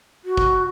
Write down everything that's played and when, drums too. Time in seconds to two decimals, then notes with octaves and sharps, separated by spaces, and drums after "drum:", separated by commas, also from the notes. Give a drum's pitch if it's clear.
0.25 F#4
0.37 drum: kick